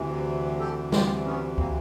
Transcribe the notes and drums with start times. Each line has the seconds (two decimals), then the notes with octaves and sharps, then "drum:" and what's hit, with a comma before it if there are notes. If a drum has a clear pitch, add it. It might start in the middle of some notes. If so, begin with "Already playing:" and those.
Already playing: D2 C3 E3
0.59 G4 A4
0.92 F4 G4, drum: snare
1.25 B3 C#4
1.58 A#3 C4, drum: kick